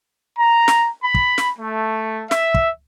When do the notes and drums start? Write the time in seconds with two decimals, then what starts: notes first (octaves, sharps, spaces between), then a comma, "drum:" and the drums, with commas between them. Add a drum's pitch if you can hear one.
0.39 A#5
0.68 drum: snare
1.03 B5
1.14 drum: kick
1.38 drum: snare
1.59 A3
2.31 E5, drum: snare
2.54 drum: kick